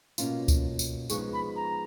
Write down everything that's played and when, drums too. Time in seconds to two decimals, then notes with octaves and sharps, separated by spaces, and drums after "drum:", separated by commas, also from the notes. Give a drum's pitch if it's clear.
0.18 B2 A#3 C#4 F4, drum: tambourine
0.48 drum: kick C#2, tambourine
0.79 drum: tambourine
1.10 F3 G#3 B3 D#4 G#4 C#6, drum: tambourine
1.33 B5
1.56 A#5